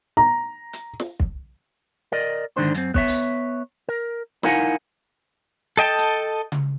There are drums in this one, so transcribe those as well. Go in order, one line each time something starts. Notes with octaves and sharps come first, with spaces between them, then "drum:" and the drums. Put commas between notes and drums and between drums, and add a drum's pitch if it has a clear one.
A#5
drum: hi-hat
drum: snare
drum: kick
A#4 D5 D#5
G#2 D3 D#3 D4 C5
F#2 C4, drum: hi-hat
B3 C#5 E5, drum: kick
drum: open hi-hat
A#4
D#4 E4 A#4 F5 F#5 G#5, drum: snare
A4 D#5 G5 A5
drum: hi-hat
drum: tom C#3